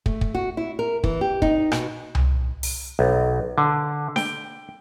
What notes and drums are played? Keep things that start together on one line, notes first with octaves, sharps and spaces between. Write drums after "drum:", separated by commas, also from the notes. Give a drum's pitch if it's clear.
A3, drum: kick
drum: kick
F#4
E4
A#4
E3, drum: kick
G4
D#4, drum: kick
B2, drum: rim click
drum: tom C2
drum: open hi-hat
B1
D3
G5, drum: snare D4